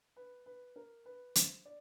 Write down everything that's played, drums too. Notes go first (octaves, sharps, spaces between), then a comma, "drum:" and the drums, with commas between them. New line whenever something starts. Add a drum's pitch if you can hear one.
B4
B4
A#4
B4
C5, drum: hi-hat
D5